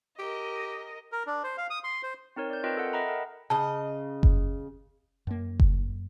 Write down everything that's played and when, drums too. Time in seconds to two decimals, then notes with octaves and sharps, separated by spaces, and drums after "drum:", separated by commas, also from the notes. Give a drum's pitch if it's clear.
0.19 G4 A#4 D#5
1.12 A#4
1.27 D4
1.44 C5
1.58 F5
1.70 D#6
1.84 C6
2.03 C5
2.36 C4 D#4 A#4 C#5
2.50 D5 G6
2.64 C4 F4 A#4 B4 D#5 G5
2.77 A4 F#5
2.93 D#5 E5 F#5 G5 A#5 B5
3.08 A#4 F#5
3.50 C#3 D#5 A5
4.23 drum: kick F#1
5.27 F#2 A#3
5.60 drum: kick F#1